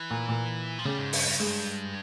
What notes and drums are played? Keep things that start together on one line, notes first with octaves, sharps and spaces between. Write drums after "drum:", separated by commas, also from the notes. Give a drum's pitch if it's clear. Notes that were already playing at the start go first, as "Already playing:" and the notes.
Already playing: E3
A#2
A#2
F3
C#3 G3
G#2
G2, drum: open hi-hat
G2
G#3